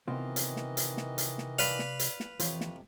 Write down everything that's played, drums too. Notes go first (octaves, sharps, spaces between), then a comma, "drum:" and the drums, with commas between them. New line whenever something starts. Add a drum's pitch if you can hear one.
C3 D#3 E3 B3 C4 F4 D#5
drum: hi-hat
drum: snare
drum: hi-hat
drum: snare
drum: hi-hat
drum: snare
B4 D5 F5, drum: hi-hat
drum: snare
drum: hi-hat
drum: snare
F2 C3 E3 F3 F4 C#5, drum: hi-hat
drum: snare